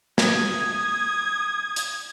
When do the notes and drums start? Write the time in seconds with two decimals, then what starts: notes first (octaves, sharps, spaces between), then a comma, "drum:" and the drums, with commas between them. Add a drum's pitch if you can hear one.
0.18 D#6 G#6, drum: snare
1.76 drum: hi-hat